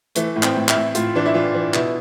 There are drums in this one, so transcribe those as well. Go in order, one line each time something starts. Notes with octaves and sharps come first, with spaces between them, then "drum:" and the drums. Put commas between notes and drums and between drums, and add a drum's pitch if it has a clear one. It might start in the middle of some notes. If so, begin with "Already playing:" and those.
E3 A3, drum: hi-hat
A2
C4, drum: clap
A2
E4, drum: clap
A2
A2 F4, drum: hi-hat
E3 D4
E4
E3 F4
E3
B2 E4, drum: clap